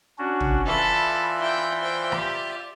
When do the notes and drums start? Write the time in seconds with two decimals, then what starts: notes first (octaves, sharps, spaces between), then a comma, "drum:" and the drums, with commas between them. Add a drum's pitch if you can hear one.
0.18 C#4 D4 F#4
0.40 drum: tom
0.67 E3 F4 A4 D5 E5 B5
1.37 E4 G5
1.83 C5 G5
2.12 G4, drum: rim click